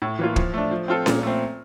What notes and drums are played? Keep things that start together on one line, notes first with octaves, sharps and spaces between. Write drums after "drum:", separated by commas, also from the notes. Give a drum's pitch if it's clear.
A2
E3 A#3 F4
F3, drum: kick
A3 D4
F3
C4 F4 A4
A#2, drum: snare C#4
A3 C4